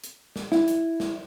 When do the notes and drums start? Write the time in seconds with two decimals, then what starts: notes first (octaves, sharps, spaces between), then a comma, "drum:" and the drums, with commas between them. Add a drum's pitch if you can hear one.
0.04 drum: hi-hat
0.36 drum: snare
0.52 E4, drum: snare
0.68 drum: hi-hat
1.00 drum: snare